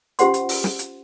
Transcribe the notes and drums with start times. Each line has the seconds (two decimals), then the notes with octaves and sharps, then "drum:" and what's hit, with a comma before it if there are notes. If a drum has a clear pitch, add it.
0.19 C#4 F4 G4 C5 F#5 C6, drum: hi-hat
0.34 drum: hi-hat
0.49 drum: open hi-hat
0.64 drum: snare
0.79 drum: hi-hat